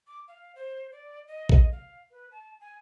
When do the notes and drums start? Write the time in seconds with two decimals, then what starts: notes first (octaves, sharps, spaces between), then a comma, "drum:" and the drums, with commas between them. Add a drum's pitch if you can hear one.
0.07 D6
0.28 F5
0.55 C5
0.92 D5
1.28 D#5
1.49 drum: kick
1.72 F5
2.11 B4
2.31 A5
2.61 G#5